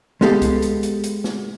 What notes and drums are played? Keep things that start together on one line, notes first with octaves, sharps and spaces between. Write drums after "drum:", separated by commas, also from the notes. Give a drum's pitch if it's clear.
G#3 B3 G4 A4 F5, drum: snare
drum: kick C2, hi-hat
drum: hi-hat
drum: hi-hat
drum: hi-hat
drum: snare